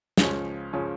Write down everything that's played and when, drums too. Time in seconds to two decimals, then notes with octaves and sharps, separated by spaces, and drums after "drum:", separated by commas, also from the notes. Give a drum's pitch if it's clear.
0.17 C#2 C#3 F3 C#4, drum: snare
0.73 C#3 F3 C#4